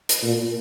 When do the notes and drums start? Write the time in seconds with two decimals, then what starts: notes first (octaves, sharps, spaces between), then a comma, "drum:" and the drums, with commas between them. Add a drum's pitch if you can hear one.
0.09 drum: hi-hat
0.23 A#2